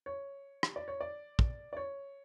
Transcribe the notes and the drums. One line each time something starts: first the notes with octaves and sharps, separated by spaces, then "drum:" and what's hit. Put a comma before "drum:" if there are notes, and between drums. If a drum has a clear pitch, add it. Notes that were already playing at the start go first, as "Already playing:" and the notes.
C#5
drum: rim click
D5
C#5
D5
drum: kick
D5
C#5